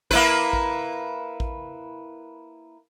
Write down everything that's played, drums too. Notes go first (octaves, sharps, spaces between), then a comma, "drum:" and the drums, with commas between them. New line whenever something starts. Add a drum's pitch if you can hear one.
A#3 E4 B4, drum: kick A1
drum: kick A1
drum: kick A1